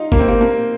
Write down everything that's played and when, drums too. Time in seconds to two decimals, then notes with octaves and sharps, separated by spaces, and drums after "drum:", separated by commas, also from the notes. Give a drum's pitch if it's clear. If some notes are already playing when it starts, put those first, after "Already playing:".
Already playing: D#4 F4
0.12 A#3, drum: kick G1
0.19 C4
0.28 A#3
0.41 A#3